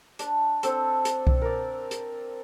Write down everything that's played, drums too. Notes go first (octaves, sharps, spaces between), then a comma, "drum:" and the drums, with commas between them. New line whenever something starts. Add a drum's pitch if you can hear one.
D4, drum: hi-hat
C4 D4 A4, drum: hi-hat
drum: hi-hat
drum: kick C2
A#4 D5
drum: hi-hat